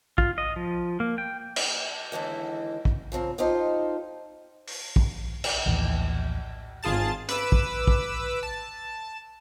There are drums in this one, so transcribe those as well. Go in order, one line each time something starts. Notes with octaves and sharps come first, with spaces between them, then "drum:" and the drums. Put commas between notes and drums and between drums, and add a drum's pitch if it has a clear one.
F4, drum: kick
D#5
F3
A#3
G5
drum: cymbal
D#2 D3 E3 G#3
drum: kick
C#3 F3 C4 A#4
D#4 F4 G4 A4 C5 D#5
drum: open hi-hat
drum: kick
drum: cymbal
A#1 D#2 A2 E3
G#1 F4 G#4 A5 A6
B4 D6 E6, drum: hi-hat
drum: kick
drum: kick
A5